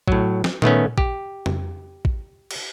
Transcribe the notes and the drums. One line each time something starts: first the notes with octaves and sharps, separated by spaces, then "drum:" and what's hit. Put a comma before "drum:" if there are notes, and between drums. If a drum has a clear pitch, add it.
A2 F#3, drum: kick
drum: snare
D#3 A3 B3 C#4, drum: tom A#2
G4, drum: kick
drum: tom F2
drum: kick
drum: cymbal